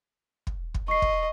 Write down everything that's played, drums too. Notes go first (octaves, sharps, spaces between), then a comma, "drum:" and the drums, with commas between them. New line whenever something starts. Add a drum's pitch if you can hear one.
drum: kick
drum: kick
D#5 C#6 C7
drum: kick